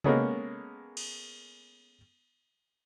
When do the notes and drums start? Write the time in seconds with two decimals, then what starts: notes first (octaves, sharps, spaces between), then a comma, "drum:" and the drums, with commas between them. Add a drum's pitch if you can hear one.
0.04 G#3 A#3 B3 C#4 G#4 A4, drum: tom C3
0.97 drum: cymbal